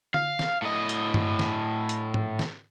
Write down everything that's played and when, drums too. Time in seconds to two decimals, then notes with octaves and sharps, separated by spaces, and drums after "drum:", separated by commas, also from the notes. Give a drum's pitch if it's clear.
0.14 F5, drum: tom D3
0.39 drum: snare
0.62 A2 D#5
0.89 drum: hi-hat
1.14 drum: tom G2
1.39 drum: snare
1.89 drum: hi-hat
2.14 drum: tom G#2
2.39 drum: snare